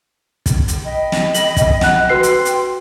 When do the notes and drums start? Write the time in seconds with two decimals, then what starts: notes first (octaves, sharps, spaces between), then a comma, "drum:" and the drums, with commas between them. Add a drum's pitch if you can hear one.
0.46 drum: kick, hi-hat
0.68 drum: hi-hat
0.85 D#5 G5 B5
1.12 drum: snare
1.34 F#7, drum: hi-hat
1.57 drum: kick, hi-hat
1.81 F#5 F#6, drum: snare
2.09 F#4 B4 G5 C6 C7
2.23 drum: hi-hat
2.45 drum: hi-hat